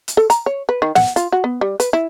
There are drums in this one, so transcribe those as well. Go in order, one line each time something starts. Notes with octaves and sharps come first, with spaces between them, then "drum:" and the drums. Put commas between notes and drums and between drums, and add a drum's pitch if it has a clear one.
drum: hi-hat
A4
A#5, drum: hi-hat
C#5
B4
D#3
F#5, drum: snare
F4, drum: hi-hat
F#4
B3
G3
B4, drum: hi-hat
E4